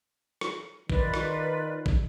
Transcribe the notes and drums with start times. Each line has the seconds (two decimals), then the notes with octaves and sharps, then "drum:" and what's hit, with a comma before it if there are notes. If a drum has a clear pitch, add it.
0.41 drum: rim click
0.90 D#3 F4 B4 D5, drum: kick
1.14 drum: rim click
1.86 drum: kick